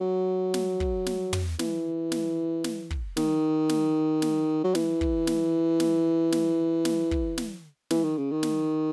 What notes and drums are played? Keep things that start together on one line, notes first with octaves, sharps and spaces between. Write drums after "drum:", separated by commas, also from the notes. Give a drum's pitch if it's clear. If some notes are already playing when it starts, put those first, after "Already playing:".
F#3
drum: snare
drum: kick
drum: snare
drum: tom
E3, drum: snare
drum: snare
drum: snare
drum: kick
D#3, drum: snare
drum: snare
drum: snare
F#3
E3, drum: snare
drum: kick
drum: snare
drum: snare
drum: snare
drum: snare
drum: kick
drum: snare
E3, drum: snare
D#3
C#3
D#3
drum: snare